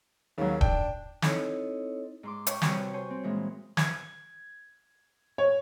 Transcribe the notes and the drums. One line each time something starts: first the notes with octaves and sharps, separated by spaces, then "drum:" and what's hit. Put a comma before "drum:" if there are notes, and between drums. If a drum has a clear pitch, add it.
D#2 C#3 F#3
D4 G5, drum: kick D#1
C4 D#4 E4 A4 C#5 D#5, drum: snare
G#2 C6 D6
C#5 G5 C#6, drum: hi-hat
C3 G3 F#4 B4 G5, drum: snare
C5 C#5 G#5
C4
A#2 E3 G#3
G#6, drum: snare
C#5